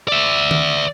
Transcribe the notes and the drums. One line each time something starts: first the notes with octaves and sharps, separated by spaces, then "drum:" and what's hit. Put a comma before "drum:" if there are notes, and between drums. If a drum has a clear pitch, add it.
D5 E5
drum: tom D#3